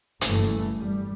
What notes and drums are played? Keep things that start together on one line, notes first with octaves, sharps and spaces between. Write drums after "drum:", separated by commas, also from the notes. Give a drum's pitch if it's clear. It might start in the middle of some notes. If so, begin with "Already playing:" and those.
F#1 G2 E3 A3, drum: hi-hat
G3